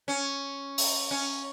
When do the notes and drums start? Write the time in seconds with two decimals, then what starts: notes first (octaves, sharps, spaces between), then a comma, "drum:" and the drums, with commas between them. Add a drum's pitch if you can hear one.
0.08 C#4
0.78 drum: open hi-hat
1.11 C#4